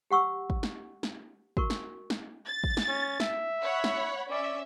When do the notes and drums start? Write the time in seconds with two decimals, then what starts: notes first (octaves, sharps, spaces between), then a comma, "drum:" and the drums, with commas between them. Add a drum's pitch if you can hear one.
0.11 G4 F#5 C#6 E6
0.50 drum: kick
0.63 drum: snare
1.03 drum: snare
1.57 F#4 A#4 C#6, drum: kick
1.70 drum: snare
2.10 drum: snare
2.47 A6
2.64 drum: kick
2.77 drum: snare
2.88 C#4
3.20 E5, drum: snare
3.63 C#5 F#5 B5
3.84 drum: snare
4.31 C#4 D5 E5